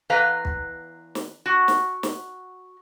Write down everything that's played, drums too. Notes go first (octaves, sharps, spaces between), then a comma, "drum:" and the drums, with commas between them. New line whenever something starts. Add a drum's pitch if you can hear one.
E2 B4 D#5 F5 A#5
drum: kick
drum: snare
F#4
drum: snare
drum: snare